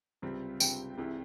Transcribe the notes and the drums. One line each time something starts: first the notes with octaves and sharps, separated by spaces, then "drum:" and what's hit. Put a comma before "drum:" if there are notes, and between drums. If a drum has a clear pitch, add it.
C#2 C3 G3 C4
C#2 C3 G3 C4 G5, drum: tambourine
C2 C3 E3 G#3